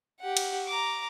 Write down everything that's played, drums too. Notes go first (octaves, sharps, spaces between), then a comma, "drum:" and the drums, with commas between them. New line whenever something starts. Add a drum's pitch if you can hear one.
G4 F#5
drum: cymbal
A#5 D6